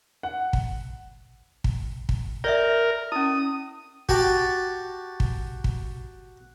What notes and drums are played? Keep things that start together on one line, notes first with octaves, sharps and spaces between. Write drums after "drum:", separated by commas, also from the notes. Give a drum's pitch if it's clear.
F#5
drum: kick
drum: kick
drum: kick
A#4 C#5 D5 E5
C#4 E4 D#6
F#4 G4 A5, drum: kick
drum: kick
drum: kick